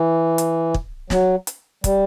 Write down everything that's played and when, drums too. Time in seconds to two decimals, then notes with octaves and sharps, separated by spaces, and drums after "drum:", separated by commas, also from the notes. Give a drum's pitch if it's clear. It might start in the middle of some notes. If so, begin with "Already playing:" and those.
Already playing: E3
0.38 drum: hi-hat
0.74 drum: kick
1.10 F#3, drum: snare
1.47 drum: hi-hat
1.84 G3, drum: kick, hi-hat